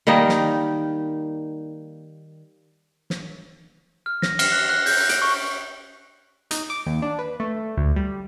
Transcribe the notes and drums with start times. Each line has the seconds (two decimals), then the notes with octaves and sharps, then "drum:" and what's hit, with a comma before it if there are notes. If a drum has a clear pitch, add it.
0.07 D#3 G3 A#3 D#4
0.29 drum: snare
3.10 drum: snare
4.06 F6
4.22 A#6, drum: snare
4.39 F6, drum: cymbal
4.52 F#6
4.69 F#6
4.86 G6, drum: open hi-hat
5.09 D7, drum: hi-hat
5.22 C#6
6.51 D#4, drum: hi-hat
6.70 D6
6.86 D#2
7.02 D4
7.19 B4
7.40 A3
7.77 D2
7.96 G3